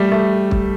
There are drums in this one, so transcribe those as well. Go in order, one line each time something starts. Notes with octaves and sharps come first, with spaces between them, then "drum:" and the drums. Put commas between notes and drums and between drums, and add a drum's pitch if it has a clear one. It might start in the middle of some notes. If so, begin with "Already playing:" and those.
Already playing: G3 A3
A3
drum: kick